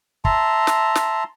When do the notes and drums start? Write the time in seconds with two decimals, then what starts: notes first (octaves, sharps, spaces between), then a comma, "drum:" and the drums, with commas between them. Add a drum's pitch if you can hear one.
0.25 E5 A5 A#5 C6, drum: kick
0.67 drum: snare
0.95 drum: snare